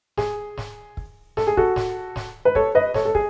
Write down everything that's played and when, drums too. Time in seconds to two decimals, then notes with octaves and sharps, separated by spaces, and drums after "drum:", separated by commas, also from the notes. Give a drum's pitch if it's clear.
0.18 G#4, drum: snare
0.58 drum: snare
0.97 drum: kick
1.37 A4, drum: snare
1.47 G#4
1.57 F#4 A4, drum: kick
1.76 drum: snare
2.16 drum: snare
2.45 B4
2.55 A4 C#5, drum: kick
2.75 B4 D#5
2.94 A4 C#5, drum: snare
3.05 A4
3.15 G#4, drum: kick